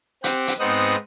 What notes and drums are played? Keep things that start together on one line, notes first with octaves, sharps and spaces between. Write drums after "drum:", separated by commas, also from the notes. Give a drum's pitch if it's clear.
C4 G4 F#5, drum: hi-hat
drum: hi-hat
G#2 B3 C4 D#4 F#5 D#6